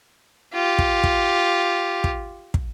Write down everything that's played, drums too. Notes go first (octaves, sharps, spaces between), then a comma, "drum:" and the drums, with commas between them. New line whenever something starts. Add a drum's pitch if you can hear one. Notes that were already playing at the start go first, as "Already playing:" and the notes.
F4 G4
drum: kick
drum: kick
drum: kick
drum: kick